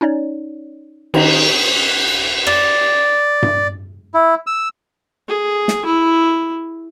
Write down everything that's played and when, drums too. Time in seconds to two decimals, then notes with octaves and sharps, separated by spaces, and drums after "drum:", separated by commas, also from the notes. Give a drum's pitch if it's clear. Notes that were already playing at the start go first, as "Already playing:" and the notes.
0.01 C#4 D#4 C#5 D5
1.14 D#3 D#4 C5 D#5 A#5, drum: cymbal
2.47 D5, drum: rim click
3.42 drum: tom G2
4.14 E4
4.47 E6
5.28 G#4
5.68 drum: snare
5.85 E4